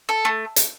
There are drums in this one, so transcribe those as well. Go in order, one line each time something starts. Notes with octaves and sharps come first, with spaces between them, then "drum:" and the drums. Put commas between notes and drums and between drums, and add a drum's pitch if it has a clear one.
A4
A3
drum: hi-hat